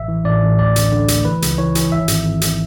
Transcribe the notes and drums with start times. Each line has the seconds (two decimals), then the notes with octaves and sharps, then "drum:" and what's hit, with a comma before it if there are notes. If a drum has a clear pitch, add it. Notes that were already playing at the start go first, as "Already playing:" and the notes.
Already playing: A1 E5
0.08 E3
0.25 A1 D5
0.42 A1
0.58 D2 D5
0.76 D3, drum: hi-hat
0.92 D3
1.08 D2, drum: hi-hat
1.25 E3 B4
1.42 C#2, drum: hi-hat
1.58 E3 C#5
1.75 E3, drum: hi-hat
1.92 G#1 E5
2.08 G#1, drum: hi-hat
2.25 G#1
2.41 drum: hi-hat